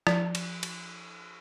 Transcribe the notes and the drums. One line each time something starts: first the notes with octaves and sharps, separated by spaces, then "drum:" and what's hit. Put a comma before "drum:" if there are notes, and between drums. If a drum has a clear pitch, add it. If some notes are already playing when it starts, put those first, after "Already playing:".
F3, drum: rim click
drum: cymbal
drum: cymbal